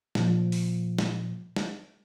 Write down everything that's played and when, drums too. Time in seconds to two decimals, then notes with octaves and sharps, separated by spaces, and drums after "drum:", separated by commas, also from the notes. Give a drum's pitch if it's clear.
0.15 A#2 F3, drum: snare
0.52 drum: open hi-hat
0.99 drum: snare
1.56 drum: snare